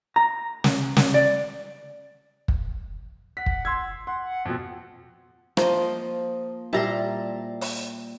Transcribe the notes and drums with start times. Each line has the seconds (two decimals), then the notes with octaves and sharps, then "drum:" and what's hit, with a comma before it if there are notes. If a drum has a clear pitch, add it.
0.16 A#5
0.64 drum: snare
0.97 drum: snare
1.14 D5
2.48 drum: kick
3.37 F#5 B6
3.46 drum: kick
3.65 C6 E6 G#6
4.07 F#5 C6
4.45 F2 B2
5.57 F3 A#3 D#5, drum: rim click
6.73 A#2 G3 E4 A5 A#5 C6
7.61 drum: open hi-hat